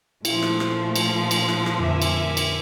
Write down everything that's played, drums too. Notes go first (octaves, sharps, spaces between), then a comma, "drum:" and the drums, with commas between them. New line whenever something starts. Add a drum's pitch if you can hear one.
A#2 F3 A3 E4 E5 F5, drum: cymbal
drum: rim click
drum: rim click
drum: cymbal
drum: cymbal
drum: rim click
drum: rim click
F2 D3 A#4 E5 G#5 D6
drum: cymbal
drum: cymbal